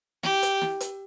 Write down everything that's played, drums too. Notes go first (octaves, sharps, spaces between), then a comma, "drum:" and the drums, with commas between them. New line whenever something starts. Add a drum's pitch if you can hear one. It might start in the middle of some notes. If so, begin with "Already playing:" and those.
G4, drum: snare
drum: hi-hat
drum: snare
drum: hi-hat